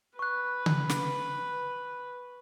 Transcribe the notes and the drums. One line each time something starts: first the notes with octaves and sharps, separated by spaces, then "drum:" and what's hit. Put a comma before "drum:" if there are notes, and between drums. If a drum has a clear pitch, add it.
B4 C#6 F#6
drum: tom C#3
drum: snare